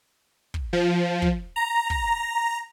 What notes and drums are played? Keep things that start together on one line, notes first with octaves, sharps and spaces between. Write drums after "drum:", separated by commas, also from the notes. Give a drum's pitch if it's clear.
drum: kick
F3
drum: kick
A#5
drum: kick